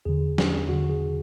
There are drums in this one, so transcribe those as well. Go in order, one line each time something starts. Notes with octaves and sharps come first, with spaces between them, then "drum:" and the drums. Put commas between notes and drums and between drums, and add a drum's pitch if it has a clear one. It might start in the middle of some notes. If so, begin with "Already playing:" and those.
E2 D3 G#4
drum: snare
E2 D3 F#4
G#4